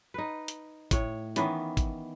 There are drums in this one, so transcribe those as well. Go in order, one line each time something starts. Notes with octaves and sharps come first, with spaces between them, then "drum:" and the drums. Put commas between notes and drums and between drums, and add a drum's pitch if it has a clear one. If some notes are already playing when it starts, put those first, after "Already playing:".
D#4 B4
drum: hi-hat
A2 C#5, drum: kick, hi-hat
D#3 E3 B3 C#4, drum: hi-hat
drum: kick, hi-hat